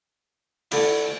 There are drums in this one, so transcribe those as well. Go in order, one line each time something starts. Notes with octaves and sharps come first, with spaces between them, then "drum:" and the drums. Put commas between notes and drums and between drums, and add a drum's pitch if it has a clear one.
D3 A3 E4, drum: cymbal